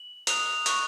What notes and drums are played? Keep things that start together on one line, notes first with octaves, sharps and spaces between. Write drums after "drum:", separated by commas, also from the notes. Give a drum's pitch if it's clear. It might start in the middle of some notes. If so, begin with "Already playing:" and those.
Already playing: F#7
A#5 D#6 F#6 F7, drum: hi-hat
C#6 F#6, drum: hi-hat